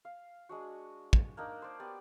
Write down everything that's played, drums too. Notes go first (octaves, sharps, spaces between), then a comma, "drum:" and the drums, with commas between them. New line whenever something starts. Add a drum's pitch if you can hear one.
F5
G#3 D4 F#4
drum: kick
A#3 D4 D#4 A#4
C5 D5
B3 G4 D5